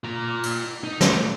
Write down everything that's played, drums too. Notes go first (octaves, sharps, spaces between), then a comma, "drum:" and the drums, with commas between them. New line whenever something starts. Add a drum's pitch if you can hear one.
F4 A#5
drum: cymbal
D#4
F3 A3, drum: snare